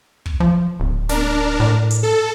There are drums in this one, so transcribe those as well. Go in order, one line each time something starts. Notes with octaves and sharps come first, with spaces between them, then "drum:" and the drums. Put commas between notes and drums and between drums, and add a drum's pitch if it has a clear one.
drum: kick
F3
D1
D4 A#4, drum: snare
A2
drum: hi-hat
A4